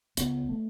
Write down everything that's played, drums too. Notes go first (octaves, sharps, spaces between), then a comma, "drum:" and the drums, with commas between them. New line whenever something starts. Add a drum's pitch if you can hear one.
C#2 B3, drum: hi-hat
B2 A3